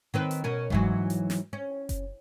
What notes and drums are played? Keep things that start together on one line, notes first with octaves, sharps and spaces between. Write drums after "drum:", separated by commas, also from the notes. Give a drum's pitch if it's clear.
D#3 C4 B4
drum: hi-hat
B2 C#4 A#4
G#2 E3 F#3, drum: kick F#1
drum: hi-hat
drum: snare
C#4
drum: kick F#1, hi-hat